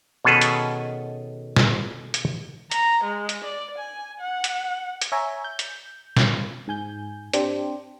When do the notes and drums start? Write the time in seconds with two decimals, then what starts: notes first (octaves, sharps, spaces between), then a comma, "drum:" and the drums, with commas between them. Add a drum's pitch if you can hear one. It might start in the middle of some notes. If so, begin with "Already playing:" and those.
0.25 B2 D#3 C#4 G#4 A4 B4
0.41 drum: hi-hat
1.56 drum: snare
2.14 drum: hi-hat
2.71 A#5, drum: hi-hat
3.04 G#3
3.29 drum: hi-hat
3.44 D5
3.78 G#5
4.20 F#5
4.44 drum: hi-hat
5.02 drum: hi-hat
5.12 C#5 E5 G#5 A#5
5.44 G6
5.59 drum: hi-hat
6.17 drum: snare
6.68 G#2 G#5 G6
7.34 C4 D4 G4 C5, drum: hi-hat